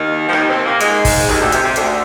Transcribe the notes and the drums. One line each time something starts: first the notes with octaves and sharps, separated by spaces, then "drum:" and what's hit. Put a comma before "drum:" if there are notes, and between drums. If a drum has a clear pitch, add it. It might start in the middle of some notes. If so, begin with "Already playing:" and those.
Already playing: D#2 D#3
F3
D#2 D#3, drum: rim click
C3 C4
A#2 A#3
G#2 G#3, drum: hi-hat
drum: kick, open hi-hat
D#2 D#3, drum: rim click
D2 D3
C3, drum: hi-hat
C3
D2 D3, drum: hi-hat